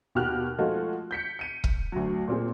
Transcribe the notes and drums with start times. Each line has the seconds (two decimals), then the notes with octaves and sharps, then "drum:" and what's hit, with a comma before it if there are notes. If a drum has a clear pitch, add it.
0.15 D#2 B2 F#4 G4 F6 F#6
0.59 F3 G#3 A3 D#4 F4 F#4
1.11 G6 B6 C#7
1.39 C#7 D#7
1.64 drum: kick
1.92 D2 F#3
2.28 A#2 C4 G#4